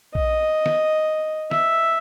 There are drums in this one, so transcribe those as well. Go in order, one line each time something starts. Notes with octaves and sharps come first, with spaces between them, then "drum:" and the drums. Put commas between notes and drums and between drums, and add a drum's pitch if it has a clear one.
D#5, drum: kick A#1
drum: snare
E5, drum: snare